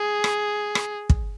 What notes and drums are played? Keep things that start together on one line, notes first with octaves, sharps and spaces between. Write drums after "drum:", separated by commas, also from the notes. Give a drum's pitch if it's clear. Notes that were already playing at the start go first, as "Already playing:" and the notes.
Already playing: G#4
drum: rim click
drum: rim click
drum: kick